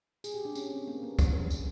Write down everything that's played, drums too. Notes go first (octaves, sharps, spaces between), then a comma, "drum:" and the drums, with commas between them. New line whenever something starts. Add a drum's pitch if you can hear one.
G#4, drum: tambourine
G4
D4
C#4, drum: tambourine
C4
A#3
B3
C#4, drum: kick, tambourine
drum: tambourine